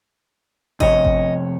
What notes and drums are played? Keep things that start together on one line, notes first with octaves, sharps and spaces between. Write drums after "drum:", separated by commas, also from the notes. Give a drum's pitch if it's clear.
F2 C3 C#5 D#5, drum: kick G#1
drum: kick G#1